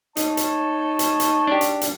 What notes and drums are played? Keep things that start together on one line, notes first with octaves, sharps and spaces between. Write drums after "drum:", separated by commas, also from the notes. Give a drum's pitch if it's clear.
D#4 C#5 A5, drum: hi-hat
drum: hi-hat
drum: hi-hat
drum: hi-hat
D4 G4
drum: hi-hat
drum: hi-hat